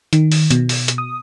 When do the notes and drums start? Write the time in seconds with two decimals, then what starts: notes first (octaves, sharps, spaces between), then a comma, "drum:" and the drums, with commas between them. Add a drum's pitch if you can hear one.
0.13 D#3, drum: hi-hat
0.32 drum: open hi-hat
0.51 B2, drum: hi-hat
0.69 drum: open hi-hat
0.88 drum: hi-hat
0.98 D#6